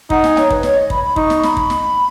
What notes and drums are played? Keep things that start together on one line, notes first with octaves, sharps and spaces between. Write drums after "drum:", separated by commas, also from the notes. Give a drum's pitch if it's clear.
D#4 F#5, drum: kick
G#5, drum: snare
C#5, drum: snare
B4, drum: kick
C#5, drum: snare
D#5
B5, drum: kick
B5
D#4 C#6, drum: kick
drum: snare
B5, drum: snare
drum: kick
drum: snare